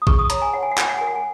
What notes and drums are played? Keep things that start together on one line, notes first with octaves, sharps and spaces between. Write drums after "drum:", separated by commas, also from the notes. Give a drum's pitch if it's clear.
D#6
G#4 C#6, drum: kick A1
D#6
C#5 A#5, drum: hi-hat
G#5
C#5 F#5
G#5
F#5
F#4 G#5, drum: clap
F#5
A#4 G#5
F#5
G#5